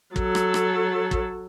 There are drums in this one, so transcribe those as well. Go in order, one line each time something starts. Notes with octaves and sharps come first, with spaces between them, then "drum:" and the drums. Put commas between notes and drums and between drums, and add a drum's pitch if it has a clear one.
F#3 A4, drum: kick
drum: rim click
drum: rim click
drum: kick